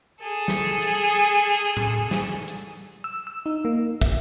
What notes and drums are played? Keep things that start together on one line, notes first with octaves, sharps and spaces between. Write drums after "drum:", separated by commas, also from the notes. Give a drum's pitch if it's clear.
G#4 A4
drum: snare
drum: hi-hat
drum: tom A2
drum: snare
drum: hi-hat
E6
E6
D#4
A#3
E5, drum: kick